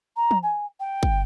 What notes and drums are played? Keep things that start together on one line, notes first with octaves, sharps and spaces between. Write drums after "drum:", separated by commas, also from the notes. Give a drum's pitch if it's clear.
A#5
drum: tom
G#5
G5
drum: kick